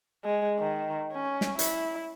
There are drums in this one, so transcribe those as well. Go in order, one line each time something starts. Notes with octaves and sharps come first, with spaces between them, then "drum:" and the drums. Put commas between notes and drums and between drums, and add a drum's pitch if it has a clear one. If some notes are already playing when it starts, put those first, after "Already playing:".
G#3
D#3
C#4
drum: snare
E4, drum: hi-hat